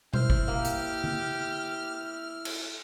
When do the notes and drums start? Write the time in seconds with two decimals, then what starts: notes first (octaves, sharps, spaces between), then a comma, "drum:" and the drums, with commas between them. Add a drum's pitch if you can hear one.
0.14 E4 C5 F6, drum: tom B2
0.30 drum: kick
0.48 A#3 G4
0.65 drum: hi-hat
1.04 drum: tom D3
2.45 drum: cymbal